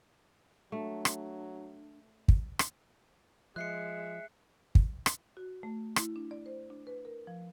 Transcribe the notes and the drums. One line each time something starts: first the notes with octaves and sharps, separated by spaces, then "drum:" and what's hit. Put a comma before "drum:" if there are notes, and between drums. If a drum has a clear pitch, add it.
F#3 A3 D4
drum: rim click
drum: kick
drum: rim click
F3 G#3 E5 F#6 C7 C#7
drum: kick
drum: rim click
F#4
A3
E4, drum: rim click
D4
D5
C5
D4
B4
A#4
F3